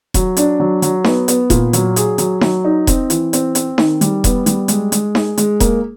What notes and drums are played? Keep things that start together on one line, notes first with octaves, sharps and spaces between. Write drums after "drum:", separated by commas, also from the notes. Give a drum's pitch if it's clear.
F#3, drum: kick E1, hi-hat
D4, drum: hi-hat
F#3
F#3, drum: hi-hat
B3, drum: snare D#4
B3, drum: hi-hat
A#2, drum: kick E1, hi-hat
F#3, drum: hi-hat
G#4, drum: hi-hat
F#3, drum: hi-hat
F#3, drum: snare D#4
D#4
C4, drum: kick E1, hi-hat
E3, drum: hi-hat
C4, drum: hi-hat
C4, drum: hi-hat
D#3, drum: snare D#4
G3, drum: hi-hat
B3, drum: kick E1, hi-hat
G3, drum: hi-hat
G#3, drum: hi-hat
G#3, drum: hi-hat
G#4, drum: snare D#4
G#3, drum: hi-hat
A#3, drum: kick E1, hi-hat